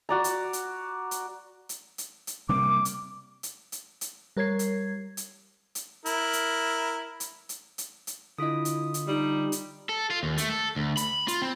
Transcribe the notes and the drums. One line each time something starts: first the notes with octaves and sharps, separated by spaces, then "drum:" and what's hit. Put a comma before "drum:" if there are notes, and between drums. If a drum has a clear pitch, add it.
F#4 D5 A#5
drum: hi-hat
drum: hi-hat
drum: hi-hat
drum: hi-hat
drum: hi-hat
drum: hi-hat
C3 G3 A#3 D6
drum: hi-hat
drum: hi-hat
drum: hi-hat
drum: hi-hat
G3 A#4 C#5 G#6 C7
drum: hi-hat
drum: hi-hat
drum: hi-hat
E4 A#4, drum: hi-hat
drum: hi-hat
drum: hi-hat
drum: hi-hat
drum: hi-hat
drum: hi-hat
D3 E4 F4 D#5 D#6
drum: hi-hat
drum: hi-hat
G3 D#4
drum: hi-hat
A4
F4
D#2
A3, drum: hi-hat
A4
D2
B5, drum: hi-hat
F4, drum: hi-hat
C4